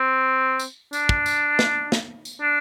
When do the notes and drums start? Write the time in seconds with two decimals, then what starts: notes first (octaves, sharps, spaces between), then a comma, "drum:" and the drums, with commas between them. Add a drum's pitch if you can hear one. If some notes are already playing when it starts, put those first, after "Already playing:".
Already playing: C4
0.60 drum: tambourine
0.93 D4, drum: tambourine
1.09 drum: kick
1.26 drum: tambourine
1.59 drum: snare
1.92 drum: snare
2.25 drum: tambourine
2.41 D4